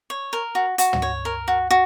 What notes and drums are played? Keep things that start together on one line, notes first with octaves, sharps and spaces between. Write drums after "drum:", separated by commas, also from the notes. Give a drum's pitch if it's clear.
C#5
A#4
F#4
F#4, drum: hi-hat
drum: tom
C#5
A#4
F#4
F#4